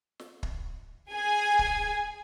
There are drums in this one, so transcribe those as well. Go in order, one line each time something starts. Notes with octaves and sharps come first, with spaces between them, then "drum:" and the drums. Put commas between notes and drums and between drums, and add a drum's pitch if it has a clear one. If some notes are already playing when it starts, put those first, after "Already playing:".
drum: snare
drum: kick
G#4 G#5
drum: kick